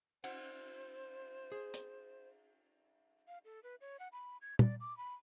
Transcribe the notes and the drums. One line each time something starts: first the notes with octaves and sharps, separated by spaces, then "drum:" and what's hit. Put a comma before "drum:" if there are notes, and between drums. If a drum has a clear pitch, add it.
C5 F#5, drum: cymbal
G#4
drum: hi-hat
F5
A4
B4
C#5
F#5
B5
G#6
D5, drum: tom
D6
B5